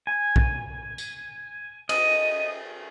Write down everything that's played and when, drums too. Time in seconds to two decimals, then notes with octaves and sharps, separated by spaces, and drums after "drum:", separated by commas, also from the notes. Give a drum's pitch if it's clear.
0.07 G#5
0.36 drum: kick B1
0.98 drum: tambourine
1.89 D#5, drum: cymbal